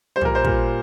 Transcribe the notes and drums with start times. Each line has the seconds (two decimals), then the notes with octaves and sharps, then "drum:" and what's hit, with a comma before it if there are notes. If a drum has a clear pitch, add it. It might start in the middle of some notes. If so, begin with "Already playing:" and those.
0.16 G3 C5
0.21 A#2 A#4, drum: tom
0.35 C5
0.44 A#2 G3 A#4, drum: kick